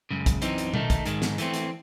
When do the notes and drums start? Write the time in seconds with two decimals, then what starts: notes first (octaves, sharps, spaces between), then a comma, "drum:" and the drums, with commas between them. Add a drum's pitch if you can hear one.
0.11 F#2 C#3 G#3
0.26 drum: kick, hi-hat
0.42 F#2 E3 C4 D#4, drum: hi-hat
0.58 drum: hi-hat
0.74 D#3 A3 D#4, drum: tom B2
0.90 drum: kick, hi-hat
1.06 G#2 D#3 G#3, drum: hi-hat
1.22 drum: snare
1.38 E3 A3 C4, drum: hi-hat
1.54 drum: hi-hat